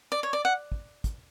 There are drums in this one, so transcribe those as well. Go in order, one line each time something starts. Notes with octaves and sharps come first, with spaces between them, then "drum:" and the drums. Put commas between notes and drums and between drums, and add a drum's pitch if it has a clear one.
D5
C#5
D5
F#5
drum: kick
drum: kick, hi-hat